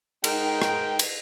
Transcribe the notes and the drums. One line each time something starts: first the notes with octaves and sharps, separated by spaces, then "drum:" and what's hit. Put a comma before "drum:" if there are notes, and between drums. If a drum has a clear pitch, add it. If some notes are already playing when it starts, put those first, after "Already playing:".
G#2 D#4 A#4 G5, drum: cymbal
drum: rim click
drum: cymbal